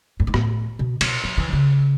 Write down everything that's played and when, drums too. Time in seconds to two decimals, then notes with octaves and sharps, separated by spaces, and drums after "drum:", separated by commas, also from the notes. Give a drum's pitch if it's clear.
0.20 F#2
0.27 G#2
0.34 A2, drum: rim click
0.79 B2
1.01 B2, drum: cymbal
1.24 F#3
1.38 E3
1.53 C#3